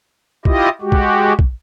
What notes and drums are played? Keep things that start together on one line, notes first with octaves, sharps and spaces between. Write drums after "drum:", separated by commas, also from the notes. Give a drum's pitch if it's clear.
E4 F4 G4 D#5, drum: kick
G#3 F#4 G4
drum: kick
drum: kick